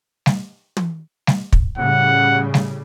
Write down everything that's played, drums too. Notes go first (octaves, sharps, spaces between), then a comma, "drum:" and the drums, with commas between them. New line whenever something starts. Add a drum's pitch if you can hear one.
drum: snare G3
drum: tom
drum: snare G3
drum: kick
A2 C#3 G3 F#5
drum: snare G3